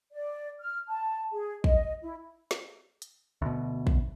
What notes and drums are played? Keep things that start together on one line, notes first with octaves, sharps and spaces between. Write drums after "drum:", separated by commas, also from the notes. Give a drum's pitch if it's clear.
D5
F6
A5
G#4
D#5, drum: kick
E4
drum: snare
drum: hi-hat
D2 B2
drum: kick